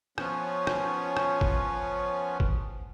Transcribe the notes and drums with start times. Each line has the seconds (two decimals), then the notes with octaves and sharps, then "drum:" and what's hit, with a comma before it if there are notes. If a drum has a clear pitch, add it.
0.18 F3 B3 C#4, drum: rim click
0.67 drum: rim click
1.17 drum: rim click
1.41 drum: kick G#1
2.40 drum: kick G#1